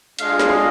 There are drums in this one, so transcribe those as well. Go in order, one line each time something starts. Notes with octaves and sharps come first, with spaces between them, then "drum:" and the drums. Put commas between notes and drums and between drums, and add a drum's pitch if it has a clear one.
G#3 D4 F4 F5, drum: hi-hat
drum: snare